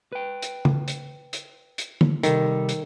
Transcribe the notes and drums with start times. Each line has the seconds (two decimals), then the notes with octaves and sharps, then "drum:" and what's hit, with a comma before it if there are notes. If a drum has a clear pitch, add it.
0.12 B4 G5
0.42 drum: hi-hat
0.65 drum: tom C#3
0.88 drum: hi-hat
1.33 drum: hi-hat
1.78 drum: hi-hat
2.01 drum: tom D3
2.23 C3 D#3 G3 A4, drum: hi-hat
2.69 drum: hi-hat